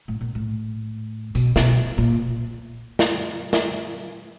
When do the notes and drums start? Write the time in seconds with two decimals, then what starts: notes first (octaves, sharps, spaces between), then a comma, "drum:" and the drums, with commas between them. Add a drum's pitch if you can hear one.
0.08 A2
0.21 A#2
0.35 A2
1.35 B2, drum: tambourine
1.56 B2, drum: snare
1.98 A#2
2.99 drum: snare
3.53 drum: snare